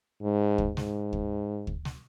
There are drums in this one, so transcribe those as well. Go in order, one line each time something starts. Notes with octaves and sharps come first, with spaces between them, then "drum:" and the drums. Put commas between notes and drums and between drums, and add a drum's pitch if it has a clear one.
G#2
drum: kick D2
G#2, drum: snare
drum: kick D2
drum: kick D2
drum: snare